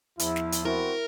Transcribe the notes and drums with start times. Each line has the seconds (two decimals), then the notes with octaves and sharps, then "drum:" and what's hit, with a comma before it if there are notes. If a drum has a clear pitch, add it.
0.19 E2 F3 E4, drum: hi-hat
0.36 drum: snare
0.52 drum: hi-hat
0.65 C4 E4 F#4 A#4